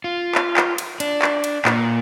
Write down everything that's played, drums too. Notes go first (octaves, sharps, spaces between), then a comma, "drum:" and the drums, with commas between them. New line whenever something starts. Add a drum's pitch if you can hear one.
F4
drum: clap
drum: clap
drum: cymbal
D4, drum: cymbal
drum: clap
drum: cymbal
A#2, drum: clap